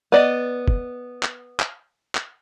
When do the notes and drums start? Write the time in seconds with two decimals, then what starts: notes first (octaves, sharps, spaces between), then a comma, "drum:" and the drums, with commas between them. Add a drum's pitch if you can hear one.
0.12 B3 D5 D#5
0.68 drum: kick
1.23 drum: clap
1.60 drum: clap
2.15 drum: clap